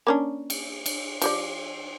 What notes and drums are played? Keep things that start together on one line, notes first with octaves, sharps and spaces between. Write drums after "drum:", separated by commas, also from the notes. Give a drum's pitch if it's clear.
A#3 C#4 D4
drum: cymbal
drum: cymbal
F3 G4 D5, drum: cymbal